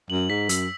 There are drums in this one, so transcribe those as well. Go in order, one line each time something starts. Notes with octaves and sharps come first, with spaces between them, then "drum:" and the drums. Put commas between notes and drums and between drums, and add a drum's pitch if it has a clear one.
F#2 F#7
G#2 B6
F#2 E6, drum: hi-hat